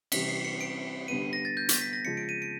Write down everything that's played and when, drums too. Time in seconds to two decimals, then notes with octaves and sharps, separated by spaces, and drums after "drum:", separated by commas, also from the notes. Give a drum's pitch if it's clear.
0.12 C3 E3 G3 B6, drum: cymbal
0.28 C7
0.45 C#7
0.61 D7
1.08 D3 G3 B3 D#7
1.33 A#6
1.45 A6
1.57 G6
1.69 B6, drum: hi-hat
1.81 B6
1.93 A#6
2.05 C#3 F3 G#3 C#7
2.17 D7
2.29 D#7
2.42 D7